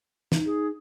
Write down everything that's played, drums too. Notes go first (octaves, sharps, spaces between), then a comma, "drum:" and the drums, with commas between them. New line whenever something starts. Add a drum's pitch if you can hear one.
D#4, drum: snare
G#4